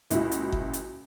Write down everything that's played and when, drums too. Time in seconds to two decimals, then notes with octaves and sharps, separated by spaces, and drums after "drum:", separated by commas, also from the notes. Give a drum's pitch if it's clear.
0.10 C#2 A#2 E4 F#4, drum: hi-hat
0.31 drum: hi-hat
0.52 drum: kick G1
0.73 drum: hi-hat